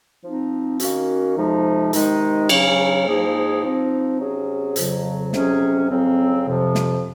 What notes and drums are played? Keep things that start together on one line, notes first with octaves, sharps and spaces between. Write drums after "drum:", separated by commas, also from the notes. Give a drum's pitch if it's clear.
F3 C4 D#4
D#3 A#3 C#4 F#4, drum: hi-hat
F2 C3 F3 G#3 D#4
C3 D#3 G#3 D#4, drum: hi-hat
C#3 F#3 C#4, drum: cymbal
G#2 F3 A#3 D#4 G#4
F3 C4 D#4
C3 F#3 C#4 G#4
F2 C#3 F#3, drum: hi-hat
F2 C3 F#3 C#4 G#4, drum: snare
F2 C#3 F#3 C4
F2 C3 F3
drum: snare